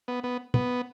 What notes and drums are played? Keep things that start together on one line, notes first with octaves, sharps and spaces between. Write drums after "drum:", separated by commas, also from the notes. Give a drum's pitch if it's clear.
B3
B3
B3, drum: tom